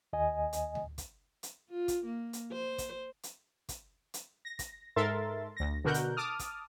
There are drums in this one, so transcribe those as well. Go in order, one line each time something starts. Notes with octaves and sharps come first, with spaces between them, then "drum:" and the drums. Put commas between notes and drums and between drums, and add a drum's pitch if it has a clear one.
D#2 D#5 G#5
drum: hi-hat
drum: tom D2
drum: kick, hi-hat
drum: hi-hat
F4
drum: kick, hi-hat
A#3
drum: hi-hat
C5
drum: kick, hi-hat
drum: hi-hat
drum: kick, hi-hat
drum: hi-hat
A#6
drum: kick, hi-hat
G#2 A4 A#4 E5 C6 A6
D2 A#6
B2 D3 F#4 A#4 F#6 G6
drum: hi-hat
A5 D6 D#6 F6
drum: kick, hi-hat